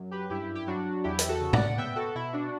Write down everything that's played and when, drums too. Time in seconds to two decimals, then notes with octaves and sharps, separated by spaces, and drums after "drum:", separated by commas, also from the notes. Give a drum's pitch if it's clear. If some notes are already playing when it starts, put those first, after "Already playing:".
Already playing: F#2 F#3
0.11 G4 B4
0.30 G2 E4 G4
0.55 G4
0.67 F#3 D4 F#4
1.04 E2 E4 G4
1.19 drum: hi-hat
1.29 F#4 A4
1.41 C#3
1.53 D5 F#5, drum: tom A2
1.78 B3 E5 G5
1.96 F#4 A4
2.15 B2 E4
2.33 D4 F#4